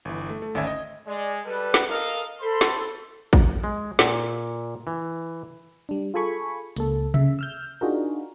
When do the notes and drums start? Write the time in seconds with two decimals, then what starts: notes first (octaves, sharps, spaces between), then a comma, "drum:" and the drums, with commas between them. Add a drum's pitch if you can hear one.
0.05 G1 E3
0.30 A3
0.42 A3
0.55 G#1 D2 C#4 D4 E5 G#6
0.67 D#5
1.07 G#3 D5
1.45 G3 A4 B4
1.74 drum: snare
1.89 A4 A#4 D#5 F5
2.42 A4 C5 B5 C6
2.61 drum: snare
3.33 drum: kick
3.64 G#3
3.99 A#2, drum: snare
4.87 E3
5.89 G3 D4
6.14 F4 G#4 A4 G#5 B5 C#6
6.76 C#2 A#3 A4, drum: hi-hat
7.14 C#3 E5, drum: tom C3
7.39 E6 F6 G6
7.81 D4 D#4 F4 F#4 G#4 A#4